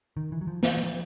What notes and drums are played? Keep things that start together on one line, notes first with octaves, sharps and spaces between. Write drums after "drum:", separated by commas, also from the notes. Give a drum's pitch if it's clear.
D#3
E3
F#3
F3
E3, drum: snare
F3